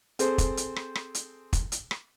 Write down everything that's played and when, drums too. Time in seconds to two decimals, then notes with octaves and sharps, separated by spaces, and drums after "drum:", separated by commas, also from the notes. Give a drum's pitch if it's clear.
0.19 C4 G#4 A4 C5, drum: hi-hat
0.38 drum: kick, hi-hat
0.57 drum: hi-hat
0.76 drum: rim click
0.95 drum: rim click
1.15 drum: hi-hat
1.53 drum: kick, hi-hat
1.72 drum: hi-hat
1.91 drum: rim click